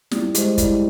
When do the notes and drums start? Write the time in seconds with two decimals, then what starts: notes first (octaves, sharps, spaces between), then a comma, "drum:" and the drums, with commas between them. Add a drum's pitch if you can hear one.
0.11 G3 E4, drum: snare
0.35 G#3 G4 C5, drum: hi-hat
0.58 G3 E4, drum: kick, hi-hat